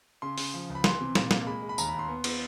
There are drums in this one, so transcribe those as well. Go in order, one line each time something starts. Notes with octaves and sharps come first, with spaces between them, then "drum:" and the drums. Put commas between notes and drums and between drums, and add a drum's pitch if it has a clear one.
C#3 C6
C#3, drum: open hi-hat
F3
C#2
B5
E3 C6, drum: snare
C3
A#2, drum: snare
A#3, drum: snare
G#3 B5
G#3
B5
D#2 A#5, drum: tambourine
B5
D#2
C6
B3
B3, drum: cymbal